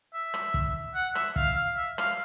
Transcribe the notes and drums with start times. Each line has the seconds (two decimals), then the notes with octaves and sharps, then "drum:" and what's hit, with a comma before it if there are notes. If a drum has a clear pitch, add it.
0.14 E5
0.34 drum: rim click
0.54 drum: kick
0.95 F#5
1.15 E5, drum: rim click
1.36 F5, drum: kick
1.56 F5
1.76 E5
1.98 F5, drum: rim click